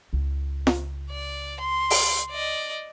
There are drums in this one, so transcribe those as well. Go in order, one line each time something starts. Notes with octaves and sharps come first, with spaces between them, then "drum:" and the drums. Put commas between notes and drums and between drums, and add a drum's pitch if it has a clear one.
C#2
drum: snare
D5
C6
drum: open hi-hat
D5 D#5